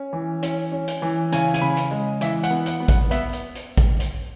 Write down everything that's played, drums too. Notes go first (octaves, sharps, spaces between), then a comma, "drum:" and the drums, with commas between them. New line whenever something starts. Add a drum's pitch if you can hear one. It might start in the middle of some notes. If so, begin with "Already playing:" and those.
Already playing: C#4
E3
C#4, drum: hi-hat
C#4
drum: hi-hat
E3
C#3 G#5, drum: hi-hat
G#5, drum: hi-hat
C#3 B5
drum: hi-hat
G#3
E3 E5, drum: hi-hat
F#5, drum: hi-hat
B3
F#5, drum: hi-hat
B3
F#5, drum: kick A1, hi-hat
B3 E5, drum: hi-hat
drum: hi-hat
drum: hi-hat
drum: kick A1, hi-hat
drum: hi-hat